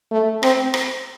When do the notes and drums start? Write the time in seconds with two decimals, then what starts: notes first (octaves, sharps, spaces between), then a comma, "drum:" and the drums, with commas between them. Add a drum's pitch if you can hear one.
0.12 A3
0.43 C4, drum: rim click
0.74 drum: rim click